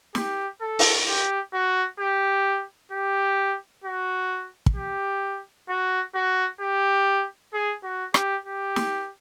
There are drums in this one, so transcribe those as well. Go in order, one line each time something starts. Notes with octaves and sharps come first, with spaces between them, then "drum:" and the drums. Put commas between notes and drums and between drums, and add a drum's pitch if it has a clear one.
G4, drum: snare
A4
drum: open hi-hat
G4
F#4
G4
G4
F#4
drum: kick
G4
F#4
F#4
G4
G#4
F#4
G4, drum: rim click
G4
drum: snare